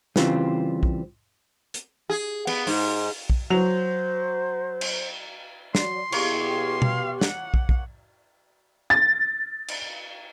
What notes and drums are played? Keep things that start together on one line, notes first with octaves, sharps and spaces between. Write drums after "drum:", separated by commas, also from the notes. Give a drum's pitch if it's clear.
C#3 E3 G3 C4 F4, drum: snare
drum: kick
drum: hi-hat
G#4
B3, drum: cymbal
G#2, drum: open hi-hat
drum: kick
F#3 C5 F7
drum: cymbal
F#3 D5 C6, drum: snare
B2 A#3 E4 G4 G#4 C#5 C#6, drum: cymbal
F5, drum: tom B2
F#5, drum: snare
drum: kick
drum: kick
A6
drum: cymbal